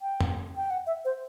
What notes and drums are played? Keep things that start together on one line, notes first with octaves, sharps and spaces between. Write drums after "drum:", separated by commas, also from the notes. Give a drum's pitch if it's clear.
G5
drum: tom
G5
F#5
E5
C5